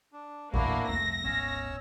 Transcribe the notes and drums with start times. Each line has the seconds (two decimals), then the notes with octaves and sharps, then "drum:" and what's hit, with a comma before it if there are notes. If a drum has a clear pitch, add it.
0.12 D4
0.53 A#1 E2 A2 A#3 D4 E4 F#4, drum: kick
0.89 C2 F2 A3 E6 A#6
1.24 D1 G#1 B3 C#4 C#5 E6